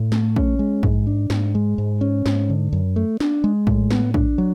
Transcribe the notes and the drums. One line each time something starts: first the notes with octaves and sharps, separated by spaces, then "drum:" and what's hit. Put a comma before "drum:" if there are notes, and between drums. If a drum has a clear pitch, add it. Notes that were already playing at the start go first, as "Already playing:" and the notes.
Already playing: A2
A3, drum: snare
C#4, drum: kick A#1
G#3
G#2, drum: kick A#1
D4
G#2, drum: snare
G#3
G#2
C#4
G#2, drum: snare
D3
F#2
A3
D4, drum: snare
G#3
A2, drum: kick A#1
B3, drum: snare
D4, drum: kick A#1
F#3